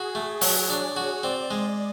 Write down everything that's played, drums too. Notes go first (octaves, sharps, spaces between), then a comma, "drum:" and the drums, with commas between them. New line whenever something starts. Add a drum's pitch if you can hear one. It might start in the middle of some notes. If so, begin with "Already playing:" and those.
Already playing: F#4 G#4
A3
F#3, drum: open hi-hat
D4 C#5
F#4
C4 D5
G#3